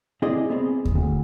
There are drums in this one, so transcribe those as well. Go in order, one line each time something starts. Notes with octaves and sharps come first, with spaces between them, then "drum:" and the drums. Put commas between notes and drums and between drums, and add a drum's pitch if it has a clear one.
C4 E4 G#4 D5 D#5
B3 C4 G#4
drum: kick D#2
D2